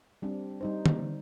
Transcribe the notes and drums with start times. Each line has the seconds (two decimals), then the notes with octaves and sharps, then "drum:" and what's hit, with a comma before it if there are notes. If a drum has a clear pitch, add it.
0.22 G3 C4 D4
0.61 G3 D#4 C5
0.86 drum: tom